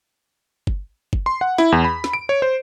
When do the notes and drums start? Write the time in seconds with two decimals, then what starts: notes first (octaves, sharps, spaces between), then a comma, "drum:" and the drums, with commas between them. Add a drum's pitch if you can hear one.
0.67 drum: kick
1.13 drum: kick
1.26 C6
1.41 F#5
1.58 E4, drum: snare
1.72 E2
1.84 B5
2.04 drum: snare
2.13 D7
2.29 C#5
2.42 C5